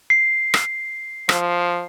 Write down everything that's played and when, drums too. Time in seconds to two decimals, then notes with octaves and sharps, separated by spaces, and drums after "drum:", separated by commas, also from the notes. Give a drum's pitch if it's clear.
0.10 C7
0.54 drum: rim click
1.29 F3, drum: rim click